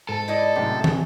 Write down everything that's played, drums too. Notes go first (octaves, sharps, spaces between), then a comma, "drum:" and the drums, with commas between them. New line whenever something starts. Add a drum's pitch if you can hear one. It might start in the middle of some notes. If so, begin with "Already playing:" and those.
G#2 A4
E4 D5 D#5
F#2 A2 C3 G#3 G#4
drum: tom